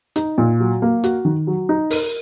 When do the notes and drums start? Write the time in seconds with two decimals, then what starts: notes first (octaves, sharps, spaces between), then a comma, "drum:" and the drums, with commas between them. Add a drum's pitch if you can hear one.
0.16 D#4, drum: hi-hat
0.38 A#2
0.60 F#3
0.82 A#3
1.04 F#4, drum: hi-hat
1.25 D#3
1.47 F#3
1.69 D#4
1.90 A#4, drum: open hi-hat